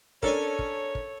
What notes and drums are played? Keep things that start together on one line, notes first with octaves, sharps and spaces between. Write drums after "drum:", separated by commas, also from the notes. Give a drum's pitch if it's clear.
C#4 D4 A4 A#4 C#5 G#5, drum: kick
drum: kick
drum: kick